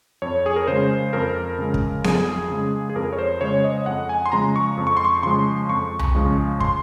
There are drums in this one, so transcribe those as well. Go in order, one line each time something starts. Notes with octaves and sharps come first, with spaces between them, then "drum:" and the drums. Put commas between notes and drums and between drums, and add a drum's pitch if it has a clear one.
F2 C#5
G#4
A#4
C#3 G#3 C5
F2 A#4
C#3 G#3
drum: kick
F2 G#4, drum: snare B3
C#3 G#3
G#4
F2 A#4
C#5
C5
C#3 G#3 C#5
D#5
F2 F#5
G#5
C6
C#3 F3 G#3 A#5
C#6
F2
C#6
C6
C#6
C#3 F3 G#3 C6
F2 C#6
drum: tom C2
C#3 F3 G#3
C6, drum: kick